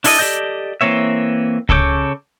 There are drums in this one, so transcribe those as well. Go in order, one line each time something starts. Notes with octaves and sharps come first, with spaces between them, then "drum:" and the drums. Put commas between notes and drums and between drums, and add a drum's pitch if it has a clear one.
D4 E4 A4 D5 D#5, drum: open hi-hat
G4 A4 D5 D#5 G6
E3 A#3 C4 C#5 E5
C#3 A4 C#5 D6 G6, drum: kick C#2